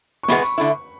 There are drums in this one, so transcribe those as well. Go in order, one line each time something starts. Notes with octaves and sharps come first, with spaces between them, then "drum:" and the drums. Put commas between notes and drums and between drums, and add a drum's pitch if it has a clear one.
C#6
E2 B2 G#3 B3 B5, drum: snare
C#6, drum: tambourine
D3 A3 E4